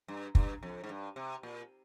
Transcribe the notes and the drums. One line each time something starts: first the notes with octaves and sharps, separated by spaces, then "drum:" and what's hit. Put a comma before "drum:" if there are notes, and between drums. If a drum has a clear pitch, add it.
G2
G2, drum: kick
F2
G#2
G2
C3
A#2